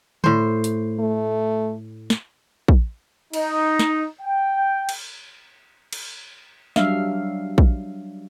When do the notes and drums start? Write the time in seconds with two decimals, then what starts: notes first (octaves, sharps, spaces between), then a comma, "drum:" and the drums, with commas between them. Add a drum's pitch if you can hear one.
0.24 A2 C5, drum: tom D3
0.64 drum: hi-hat
0.99 A3
2.10 drum: snare
2.68 drum: kick
3.33 D#4, drum: cymbal
3.79 drum: snare
4.22 G5
4.89 drum: cymbal
5.93 drum: cymbal
6.76 F#3 G3 D4 E5 F5, drum: snare
7.58 drum: kick